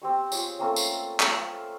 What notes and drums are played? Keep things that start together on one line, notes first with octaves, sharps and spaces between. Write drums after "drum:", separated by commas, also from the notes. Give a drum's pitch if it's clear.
C4 G4 C#6
F4 G#4 C#5, drum: tambourine
A3 A#3 C4 C#4
drum: tambourine
F5 E6, drum: clap